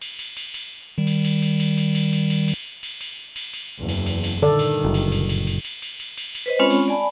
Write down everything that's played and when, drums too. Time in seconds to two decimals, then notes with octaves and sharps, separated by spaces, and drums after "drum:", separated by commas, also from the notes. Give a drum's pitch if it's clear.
0.01 drum: cymbal
0.19 drum: cymbal
0.37 drum: cymbal
0.54 drum: cymbal
0.98 D#3 G3
1.07 drum: cymbal
1.25 drum: cymbal
1.42 drum: cymbal
1.60 drum: cymbal
1.77 drum: cymbal
1.95 drum: cymbal
2.13 drum: cymbal
2.30 drum: cymbal
2.48 drum: cymbal
2.83 drum: cymbal
3.01 drum: cymbal
3.36 drum: cymbal
3.53 drum: cymbal
3.79 F#1 E2
3.89 drum: cymbal
4.06 drum: cymbal
4.24 drum: cymbal
4.42 G2 A#2 D3 D#3 A4 D5
4.59 drum: cymbal
4.85 F#1
4.94 drum: cymbal
5.12 drum: cymbal
5.29 drum: cymbal
5.47 drum: cymbal
5.65 drum: cymbal
5.82 drum: cymbal
6.00 drum: cymbal
6.17 drum: cymbal
6.35 drum: cymbal
6.46 B4 C5 D#5
6.59 G#3 C4 C#4 F4 C#5 B5
6.70 drum: cymbal
6.88 D5 G#5 A5 B5